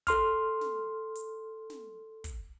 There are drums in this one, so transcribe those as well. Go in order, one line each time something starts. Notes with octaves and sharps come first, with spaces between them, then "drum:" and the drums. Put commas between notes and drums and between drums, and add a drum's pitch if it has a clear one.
A4 C6 F6, drum: kick, hi-hat
drum: snare
drum: hi-hat
drum: snare
drum: kick, hi-hat